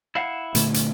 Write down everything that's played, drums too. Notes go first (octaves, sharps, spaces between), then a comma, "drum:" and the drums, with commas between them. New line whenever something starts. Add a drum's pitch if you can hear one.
E4 F5 F#5
A#2 D3 A3, drum: hi-hat
drum: hi-hat